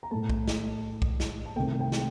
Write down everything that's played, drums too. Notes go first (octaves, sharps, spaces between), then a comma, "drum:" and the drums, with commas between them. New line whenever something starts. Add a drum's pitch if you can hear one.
A#5
A2 A3 A5
drum: kick B1
drum: snare
drum: kick B1
drum: snare
A5
C2 C3 D#3 A3 G5
G5
drum: snare